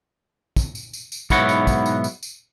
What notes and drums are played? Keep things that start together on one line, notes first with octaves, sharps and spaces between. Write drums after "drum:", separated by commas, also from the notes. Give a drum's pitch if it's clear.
drum: kick, tambourine
drum: tambourine
drum: tambourine
drum: tambourine
B1 G#2 B3 E4 C#5 F#5, drum: kick, tambourine
drum: tambourine
drum: kick, tambourine
drum: tambourine
drum: tambourine
drum: tambourine